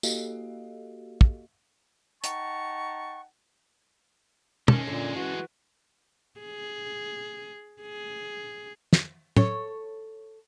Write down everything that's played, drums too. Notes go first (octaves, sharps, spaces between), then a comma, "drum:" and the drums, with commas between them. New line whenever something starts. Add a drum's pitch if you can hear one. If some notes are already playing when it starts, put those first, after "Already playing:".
A#3 F#4 G4 A4 D#5 F5, drum: tambourine
drum: kick
D#4 F#5 G5 A5 A#5 C#6, drum: hi-hat
D#3 G#3 C#4 A4, drum: tom
A#2 D3
E3 F#4
G#4
G#4
drum: snare
A4 C#5, drum: tom